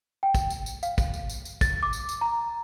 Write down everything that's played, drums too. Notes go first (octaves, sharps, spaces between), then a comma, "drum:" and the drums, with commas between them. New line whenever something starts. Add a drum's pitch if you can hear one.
G5
drum: kick, tambourine
drum: tambourine
drum: tambourine
F5, drum: tambourine
drum: kick, tambourine
drum: tambourine
drum: tambourine
drum: tambourine
A6, drum: kick, tambourine
D6
drum: tambourine
drum: tambourine
A#5